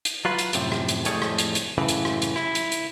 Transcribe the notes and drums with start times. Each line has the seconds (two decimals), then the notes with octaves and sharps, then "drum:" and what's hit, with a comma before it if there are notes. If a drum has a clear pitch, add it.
0.05 drum: hi-hat
0.25 F#3 F4 B4
0.38 drum: hi-hat
0.53 F#2 A2 C3 F3, drum: hi-hat
0.72 drum: rim click
0.88 drum: hi-hat
1.05 F2 A2 G3 A3 G#4 C#5, drum: hi-hat
1.22 drum: rim click
1.38 drum: hi-hat
1.55 drum: hi-hat
1.78 F#2 A2 C#3 E3
1.88 drum: hi-hat
2.05 drum: rim click
2.22 drum: hi-hat
2.36 E4, drum: rim click
2.55 drum: hi-hat
2.72 drum: hi-hat